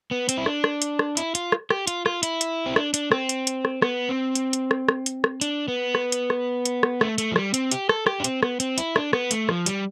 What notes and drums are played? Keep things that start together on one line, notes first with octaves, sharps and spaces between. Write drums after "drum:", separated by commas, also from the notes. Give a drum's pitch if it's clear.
B3
C4, drum: hi-hat
E4
D4, drum: rim click
drum: rim click
drum: hi-hat
drum: rim click
E4, drum: hi-hat
F4, drum: hi-hat
drum: rim click
G4, drum: rim click
F4, drum: hi-hat
F4, drum: rim click
E4, drum: hi-hat
drum: hi-hat
C4
D4, drum: rim click
D4, drum: hi-hat
C4, drum: rim click
drum: hi-hat
drum: hi-hat
drum: rim click
B3, drum: rim click
C4
drum: hi-hat
drum: hi-hat
drum: rim click
drum: rim click
drum: hi-hat
drum: rim click
D4, drum: hi-hat
B3
drum: rim click
drum: hi-hat
drum: rim click
drum: hi-hat
drum: rim click
A3, drum: rim click
A3, drum: hi-hat
F3
G3, drum: rim click
C4, drum: hi-hat
G4, drum: hi-hat
A4, drum: rim click
G4, drum: rim click
D4
C4, drum: hi-hat
B3, drum: rim click
C4, drum: hi-hat
E4, drum: hi-hat
D4, drum: rim click
B3, drum: rim click
A3, drum: hi-hat
F3, drum: rim click
G3, drum: hi-hat